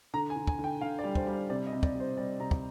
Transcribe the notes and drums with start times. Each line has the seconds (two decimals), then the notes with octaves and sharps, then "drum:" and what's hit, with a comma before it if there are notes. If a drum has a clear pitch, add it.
0.14 D3 A#5
0.30 G#5
0.36 D3
0.47 G#5, drum: kick
0.59 D3
0.64 G5
0.81 D3 F5
0.99 D5
1.04 G3
1.15 C5, drum: kick
1.26 G3
1.32 D5
1.50 C3 D5
1.67 D#5
1.72 C3
1.83 D5, drum: kick
1.95 G3
2.00 C5
2.17 G3 D5
2.40 C3 A#5
2.51 drum: kick